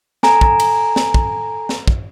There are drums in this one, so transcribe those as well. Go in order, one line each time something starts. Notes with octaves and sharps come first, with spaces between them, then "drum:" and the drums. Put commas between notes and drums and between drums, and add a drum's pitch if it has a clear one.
A4 G#5 A#5, drum: snare
drum: kick
drum: cymbal
drum: snare
drum: kick
drum: snare
drum: kick